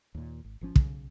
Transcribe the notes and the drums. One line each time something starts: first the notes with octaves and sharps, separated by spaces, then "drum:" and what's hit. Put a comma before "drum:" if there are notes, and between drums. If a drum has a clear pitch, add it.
D#2 A#2
G#1
G#1 F3 C#4
B1 C#3, drum: kick